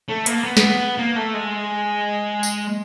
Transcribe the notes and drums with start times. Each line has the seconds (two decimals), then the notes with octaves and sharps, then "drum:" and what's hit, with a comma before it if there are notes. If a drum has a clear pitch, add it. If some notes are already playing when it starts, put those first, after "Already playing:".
0.09 A3
0.26 A#3, drum: hi-hat
0.44 B3
0.57 drum: snare
0.98 A#3
1.16 A3
1.34 G#3
2.43 drum: tambourine